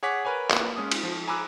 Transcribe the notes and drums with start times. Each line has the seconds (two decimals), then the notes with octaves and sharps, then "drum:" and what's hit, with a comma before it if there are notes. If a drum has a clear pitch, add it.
0.03 G#4 C#5 F#5 D6 B6
0.25 A#4 B4 C#5 G#5
0.51 A#3 F4 B4, drum: clap
0.76 G#3 C#4 D#6
0.92 drum: cymbal
1.03 F3
1.27 G#5 A#5 B5 D6 E6 F#6